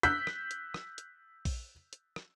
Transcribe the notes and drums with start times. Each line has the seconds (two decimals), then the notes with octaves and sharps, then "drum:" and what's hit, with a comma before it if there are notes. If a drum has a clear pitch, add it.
0.03 E6 F#6 G6 B6, drum: hi-hat
0.27 drum: rim click
0.51 drum: hi-hat
0.74 drum: rim click
0.98 drum: hi-hat
1.45 drum: kick A#1, open hi-hat
1.93 drum: hi-hat
2.16 drum: rim click